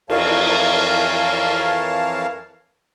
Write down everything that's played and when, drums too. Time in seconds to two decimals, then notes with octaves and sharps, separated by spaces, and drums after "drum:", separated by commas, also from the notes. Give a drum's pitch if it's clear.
0.10 F2 E3 A#4 C#5 F5 A5, drum: cymbal